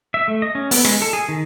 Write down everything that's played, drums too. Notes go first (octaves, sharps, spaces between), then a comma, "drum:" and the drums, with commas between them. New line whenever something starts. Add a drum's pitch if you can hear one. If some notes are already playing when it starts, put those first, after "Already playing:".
E5
A3
D#5
C#4
B3, drum: open hi-hat
G#3, drum: rim click
A4
G#4
D#3